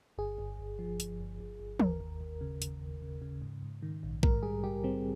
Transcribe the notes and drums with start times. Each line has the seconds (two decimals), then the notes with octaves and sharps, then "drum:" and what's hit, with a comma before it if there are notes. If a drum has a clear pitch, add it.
0.18 G1 G#4
0.38 G1
0.59 G1
0.79 F3
1.00 G1, drum: hi-hat
1.20 G1
1.40 G1
1.60 G1
1.80 D#2 A#4, drum: tom E3
2.00 D#2
2.21 D#2
2.41 C#3
2.62 D#2, drum: hi-hat
2.82 D#2
3.02 C#3
3.22 C#3
3.42 G#2
3.62 G#2
3.83 D#3
4.03 A#1
4.23 G#2 A#4, drum: kick A#1
4.43 G3 G#4
4.64 G3 G4
4.84 G3 C4